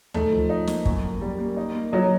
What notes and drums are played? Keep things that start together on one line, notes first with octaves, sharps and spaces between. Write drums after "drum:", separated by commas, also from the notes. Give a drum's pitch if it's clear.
A3 D#4, drum: tom D2
F3
D#4
A#3, drum: snare
F#2, drum: kick
A#3
G3
A#3
D#4
A#3
F#3 D#4